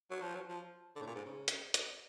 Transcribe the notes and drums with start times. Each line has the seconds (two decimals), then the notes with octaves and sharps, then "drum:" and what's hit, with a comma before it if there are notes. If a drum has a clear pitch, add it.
0.10 F#3
0.22 F3
0.35 F#3
0.49 F3
0.96 D3
1.02 A2
1.06 A#2
1.15 G#2
1.25 C#3
1.48 drum: hi-hat
1.74 drum: hi-hat